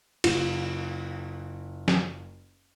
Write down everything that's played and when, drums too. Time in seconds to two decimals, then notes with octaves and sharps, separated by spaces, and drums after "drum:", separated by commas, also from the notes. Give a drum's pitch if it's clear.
0.24 F#1 F4, drum: cymbal
1.88 drum: snare